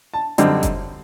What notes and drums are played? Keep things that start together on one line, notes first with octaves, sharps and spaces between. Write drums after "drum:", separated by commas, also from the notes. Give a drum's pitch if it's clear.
A5
F#2 D3 G3 C4 D#4, drum: hi-hat
drum: kick F#1, hi-hat